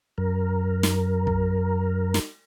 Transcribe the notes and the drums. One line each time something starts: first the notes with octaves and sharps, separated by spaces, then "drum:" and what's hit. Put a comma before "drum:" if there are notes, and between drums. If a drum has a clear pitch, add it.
F#2 A#4
drum: snare
drum: kick
drum: snare